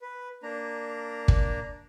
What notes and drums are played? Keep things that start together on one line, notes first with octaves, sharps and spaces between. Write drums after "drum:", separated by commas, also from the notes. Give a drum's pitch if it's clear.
B4
A#3 D4 A#5
drum: kick